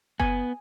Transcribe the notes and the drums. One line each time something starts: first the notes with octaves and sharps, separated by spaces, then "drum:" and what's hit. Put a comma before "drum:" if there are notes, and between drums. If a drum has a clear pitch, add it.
B3 G#5, drum: kick F#1